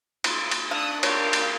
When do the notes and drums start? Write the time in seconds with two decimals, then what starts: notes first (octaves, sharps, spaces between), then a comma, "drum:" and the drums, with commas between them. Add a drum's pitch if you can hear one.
0.24 D#4, drum: cymbal
0.51 drum: cymbal
0.71 D4 F5 D#6 E6 F#6
1.03 G4 A#4 C#5 F5, drum: cymbal
1.33 drum: cymbal